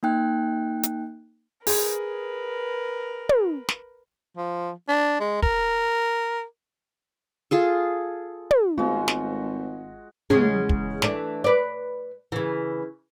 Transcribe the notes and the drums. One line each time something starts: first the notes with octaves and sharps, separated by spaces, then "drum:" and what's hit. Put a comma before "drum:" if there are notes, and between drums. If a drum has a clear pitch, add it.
A#3 D#4 G5 F#6
drum: hi-hat
G#4 A#4 B4, drum: open hi-hat
drum: tom
drum: snare
F3
D4
G#3
A#4, drum: kick
F4 G#4 A4
drum: tom
G#1 G#3 A3 B3 C4 F4 F#4
drum: snare
E2 C#3 G#3, drum: tom
drum: kick
E3 A3 D4, drum: snare
B4 D5
C#3 E3